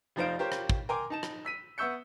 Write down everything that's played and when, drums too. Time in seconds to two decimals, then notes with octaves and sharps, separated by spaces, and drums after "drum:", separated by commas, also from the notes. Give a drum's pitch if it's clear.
0.16 F1 F3 D#4 C5 F5 D7
0.39 F4 G4 A#4 C5 C#5
0.52 drum: rim click
0.70 drum: kick
0.89 A#4 G5 G#5 A#5 C6 D6
1.10 D#4 A5 E7
1.23 drum: rim click
1.45 E6 B6 D#7
1.78 B3 E5 C#6 E6 G6 C#7